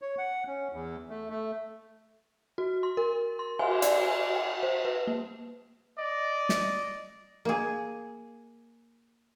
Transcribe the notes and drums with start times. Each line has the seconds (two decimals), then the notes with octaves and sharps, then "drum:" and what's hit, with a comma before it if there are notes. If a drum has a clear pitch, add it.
0.02 C#5
0.18 F#5
0.47 C#4
0.73 E2
1.10 A3
1.30 A3
2.58 F#4
2.83 C6
2.97 A#4
3.39 C6
3.59 G#5, drum: cymbal
3.82 D5, drum: hi-hat
4.01 G#5
4.35 G5
4.63 C5
4.85 B4
5.07 A#3
5.99 D5 D#5
6.49 drum: snare
7.45 A#3 G#4